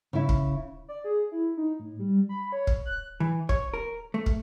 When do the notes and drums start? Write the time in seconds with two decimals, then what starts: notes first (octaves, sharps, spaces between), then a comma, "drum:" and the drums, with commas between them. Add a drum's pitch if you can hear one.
0.13 C#3 E4
0.29 drum: kick
0.88 D5
1.04 G#4
1.32 E4
1.57 D#4
1.80 A2
1.99 G3
2.29 B5
2.52 C#5
2.67 drum: kick
2.86 F#6
3.20 E3
3.49 C#5, drum: kick
3.74 A#4
4.14 A3
4.26 drum: kick